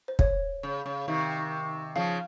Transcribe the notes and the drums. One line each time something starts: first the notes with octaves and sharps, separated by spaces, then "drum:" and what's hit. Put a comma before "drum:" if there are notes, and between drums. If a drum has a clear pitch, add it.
C5
C#5, drum: kick
C#3
C#3
C3 D#3
C#3 F3 F5